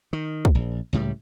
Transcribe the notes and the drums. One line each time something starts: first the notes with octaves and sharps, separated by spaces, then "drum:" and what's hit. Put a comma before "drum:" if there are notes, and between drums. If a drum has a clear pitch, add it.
D#3
drum: kick
A#1
C#2 A2 G3